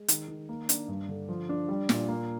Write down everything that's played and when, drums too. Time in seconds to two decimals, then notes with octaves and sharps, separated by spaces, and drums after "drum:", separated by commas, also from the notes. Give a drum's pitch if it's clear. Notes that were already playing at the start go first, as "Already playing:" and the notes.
Already playing: G#3
0.08 D#3, drum: hi-hat
0.28 D#3
0.49 A#3
0.69 D4, drum: hi-hat
0.88 G2
1.09 D3
1.29 F3
1.49 D4
1.69 G3
1.89 A#2, drum: snare
2.08 A#3